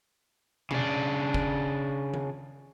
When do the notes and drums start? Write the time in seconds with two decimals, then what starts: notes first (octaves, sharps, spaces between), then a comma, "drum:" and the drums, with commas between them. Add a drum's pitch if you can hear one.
0.71 C#3 D4, drum: tom B2
1.34 drum: kick
2.14 drum: tom D#3